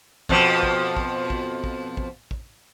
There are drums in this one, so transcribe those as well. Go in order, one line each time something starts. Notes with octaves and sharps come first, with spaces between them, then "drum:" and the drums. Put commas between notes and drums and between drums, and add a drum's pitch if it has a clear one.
F2 B2 F3, drum: kick
drum: kick
drum: kick
drum: kick
drum: kick
drum: kick
drum: kick